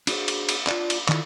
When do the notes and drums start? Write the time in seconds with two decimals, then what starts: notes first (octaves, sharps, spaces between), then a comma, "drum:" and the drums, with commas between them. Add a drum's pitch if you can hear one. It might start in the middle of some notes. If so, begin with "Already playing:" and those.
0.07 D4 F#4 G#4 C5, drum: cymbal
0.28 drum: cymbal
0.49 drum: cymbal
0.67 D4 F4, drum: clap
0.90 drum: cymbal
1.09 D#3 D4 E4 F4 A4, drum: clap